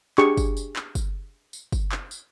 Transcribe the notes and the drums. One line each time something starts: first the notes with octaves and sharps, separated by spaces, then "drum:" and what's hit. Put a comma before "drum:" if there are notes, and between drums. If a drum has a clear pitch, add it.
D4 G4 G#4 C#6, drum: clap
drum: kick, tambourine
drum: tambourine
drum: clap
drum: kick, tambourine
drum: tambourine
drum: kick, tambourine
drum: clap
drum: tambourine